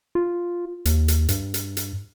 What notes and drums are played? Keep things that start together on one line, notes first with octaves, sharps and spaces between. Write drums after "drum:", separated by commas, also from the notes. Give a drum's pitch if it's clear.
F4
D#2, drum: hi-hat
drum: hi-hat
G2, drum: hi-hat
drum: hi-hat
drum: hi-hat